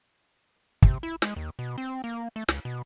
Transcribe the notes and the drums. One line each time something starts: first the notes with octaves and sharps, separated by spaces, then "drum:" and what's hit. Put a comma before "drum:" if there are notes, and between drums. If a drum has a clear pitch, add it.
C3, drum: kick
E4
G#3, drum: snare
D#2
B2
C4
A#3
A3
C#2, drum: snare
B2